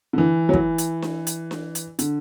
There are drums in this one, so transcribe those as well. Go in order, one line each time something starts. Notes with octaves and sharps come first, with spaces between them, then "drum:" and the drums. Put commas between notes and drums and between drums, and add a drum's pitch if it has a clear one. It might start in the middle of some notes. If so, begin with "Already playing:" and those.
D3
E3
F#3
E3, drum: kick
drum: hi-hat
drum: snare D4
drum: hi-hat
drum: snare D4
drum: hi-hat
D3, drum: hi-hat